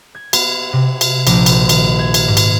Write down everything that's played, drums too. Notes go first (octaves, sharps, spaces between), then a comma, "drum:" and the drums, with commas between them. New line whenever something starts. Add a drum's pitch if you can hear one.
G#6
B3, drum: cymbal
C3
drum: cymbal
A#1, drum: cymbal
drum: cymbal
D#3, drum: cymbal
G#6
drum: cymbal
G#2
drum: cymbal